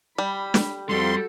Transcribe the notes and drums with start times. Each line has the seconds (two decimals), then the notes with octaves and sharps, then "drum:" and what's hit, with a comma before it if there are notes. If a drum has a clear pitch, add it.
0.18 G3 B5
0.54 drum: snare
0.89 F2 G3 F#4 A4 C6